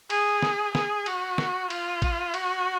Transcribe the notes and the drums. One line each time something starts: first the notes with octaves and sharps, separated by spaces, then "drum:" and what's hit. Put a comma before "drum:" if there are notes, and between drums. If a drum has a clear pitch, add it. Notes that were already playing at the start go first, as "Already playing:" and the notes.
G#4, drum: cymbal
drum: snare
G#4, drum: snare
F#4, drum: cymbal
drum: snare
F4, drum: cymbal
drum: kick, cymbal
F#4, drum: cymbal